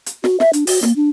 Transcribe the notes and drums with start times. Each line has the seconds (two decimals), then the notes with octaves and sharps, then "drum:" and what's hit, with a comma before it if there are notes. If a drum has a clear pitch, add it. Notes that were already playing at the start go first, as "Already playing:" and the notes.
0.06 drum: hi-hat
0.24 F#4, drum: snare
0.40 E5, drum: snare
0.53 D4, drum: hi-hat
0.67 F#4, drum: open hi-hat
0.83 A#3, drum: snare
0.96 D4